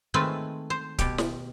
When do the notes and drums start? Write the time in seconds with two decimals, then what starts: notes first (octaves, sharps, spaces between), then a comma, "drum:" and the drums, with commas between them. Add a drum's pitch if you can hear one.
0.14 D#3 G#3 A3 C4 F4 B4
0.70 C5
0.99 B2 G4, drum: kick C#1, hi-hat
1.18 drum: snare